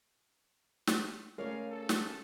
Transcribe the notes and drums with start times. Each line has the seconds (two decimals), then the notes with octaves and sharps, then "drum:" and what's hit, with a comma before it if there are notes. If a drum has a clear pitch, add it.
0.87 drum: snare
1.38 C#3 G#3 A3 G#4 A#4 C#5 D5 F5
1.71 A4
1.89 drum: snare